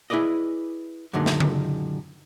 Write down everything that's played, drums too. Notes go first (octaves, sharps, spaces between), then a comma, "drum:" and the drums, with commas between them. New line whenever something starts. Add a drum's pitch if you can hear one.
E4 G#4 B4 D5 D#5
F#2 A#2 D3 D#3 G#3
drum: snare
drum: tom C#3